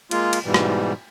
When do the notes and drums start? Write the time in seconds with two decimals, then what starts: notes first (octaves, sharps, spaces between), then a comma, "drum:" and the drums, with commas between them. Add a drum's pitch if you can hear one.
0.11 G#3 A#3 F4, drum: cymbal
0.33 drum: cymbal
0.45 G#2 B2 E3 G3
0.54 drum: rim click